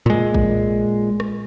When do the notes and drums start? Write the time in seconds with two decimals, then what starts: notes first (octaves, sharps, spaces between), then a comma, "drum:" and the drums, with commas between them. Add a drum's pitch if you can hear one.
0.06 A#2 G#3
0.34 drum: kick A1
1.20 drum: rim click